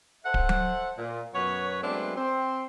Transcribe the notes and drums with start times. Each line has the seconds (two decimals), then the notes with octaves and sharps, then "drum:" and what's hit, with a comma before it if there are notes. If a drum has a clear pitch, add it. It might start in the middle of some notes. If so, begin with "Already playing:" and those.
0.24 A4 C5 E5 F#5
0.34 drum: kick D1
0.49 drum: tom F#3
0.98 A#2
1.34 F#2 B2 B3 B4 C#5
1.82 F#3 G#3 A3 B3 C4 D4
2.15 C4